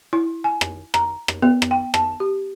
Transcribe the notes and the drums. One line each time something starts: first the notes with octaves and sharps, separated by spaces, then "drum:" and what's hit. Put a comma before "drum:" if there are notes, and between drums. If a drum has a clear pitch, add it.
E4
G#5
drum: rim click
A#5, drum: rim click
drum: rim click
B3
drum: rim click
G5
A5, drum: rim click
G4